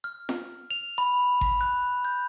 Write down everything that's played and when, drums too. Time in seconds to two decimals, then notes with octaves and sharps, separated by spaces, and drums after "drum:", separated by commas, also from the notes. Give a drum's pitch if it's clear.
0.04 F6
0.29 drum: snare F4
0.71 F7
0.98 B5
1.41 drum: kick G#1
1.61 F#6
2.05 G6